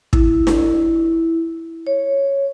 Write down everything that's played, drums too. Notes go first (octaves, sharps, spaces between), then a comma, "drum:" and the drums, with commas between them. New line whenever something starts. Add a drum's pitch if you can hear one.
E4, drum: kick
drum: snare D4
C#5